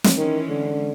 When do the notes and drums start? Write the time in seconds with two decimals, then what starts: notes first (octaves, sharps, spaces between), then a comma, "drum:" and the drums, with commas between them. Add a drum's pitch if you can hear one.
0.04 drum: snare
0.17 D#3 E3 G#3 C#4
0.49 D3